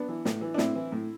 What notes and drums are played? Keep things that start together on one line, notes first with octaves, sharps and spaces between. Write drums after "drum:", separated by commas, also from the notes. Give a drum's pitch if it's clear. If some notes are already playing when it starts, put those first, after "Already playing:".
Already playing: B3 D4
E3
A2, drum: snare
E3
D4
A2 C4 E4, drum: snare
E3
A2